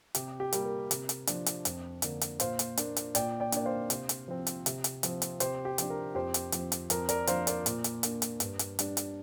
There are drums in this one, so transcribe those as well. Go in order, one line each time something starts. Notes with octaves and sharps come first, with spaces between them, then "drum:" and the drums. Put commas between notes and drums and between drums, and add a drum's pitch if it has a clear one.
C3 G4, drum: hi-hat
G4
G3 A#3, drum: hi-hat
A#4
C3, drum: hi-hat
drum: hi-hat
F3 D4, drum: hi-hat
drum: hi-hat
F2, drum: hi-hat
D3 A#3 D4, drum: hi-hat
drum: hi-hat
A#2 C5 F5, drum: hi-hat
drum: hi-hat
A#3 D4, drum: hi-hat
drum: hi-hat
A#2 D5 G5, drum: hi-hat
D5 G5
A#3 D4 D5, drum: hi-hat
C5 F5
C3, drum: hi-hat
drum: hi-hat
F3 C4
drum: hi-hat
C3, drum: hi-hat
drum: hi-hat
F3 C4, drum: hi-hat
drum: hi-hat
C3 G4 C5, drum: hi-hat
G4
F3 D4, drum: hi-hat
A#4
F2 G4 C5
drum: hi-hat
F3 C4, drum: hi-hat
drum: hi-hat
F2 A#4, drum: hi-hat
A#4 D5, drum: hi-hat
F3 A#3 D4 C5 F5, drum: hi-hat
A#4 D5, drum: hi-hat
A#2, drum: hi-hat
drum: hi-hat
A#3 D4, drum: hi-hat
drum: hi-hat
G2, drum: hi-hat
drum: hi-hat
G3 D4, drum: hi-hat
drum: hi-hat